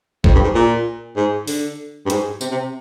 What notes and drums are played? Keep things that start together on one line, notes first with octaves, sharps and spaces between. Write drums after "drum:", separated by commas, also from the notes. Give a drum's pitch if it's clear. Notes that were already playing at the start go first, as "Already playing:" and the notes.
F2, drum: kick G#1
G2
G#2
A#2
G#2
D3, drum: open hi-hat
G2
G#2, drum: hi-hat
C3, drum: tambourine
C3